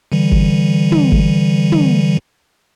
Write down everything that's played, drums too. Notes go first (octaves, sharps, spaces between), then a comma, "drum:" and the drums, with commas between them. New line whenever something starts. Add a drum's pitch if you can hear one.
D3 E3 G3
drum: kick G1
drum: tom
drum: kick G1
drum: tom